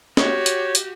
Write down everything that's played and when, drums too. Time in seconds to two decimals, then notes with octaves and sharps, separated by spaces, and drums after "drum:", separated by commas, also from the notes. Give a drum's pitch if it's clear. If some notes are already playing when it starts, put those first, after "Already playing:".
0.17 F#4 G4 C#5, drum: snare
0.46 drum: hi-hat
0.75 drum: hi-hat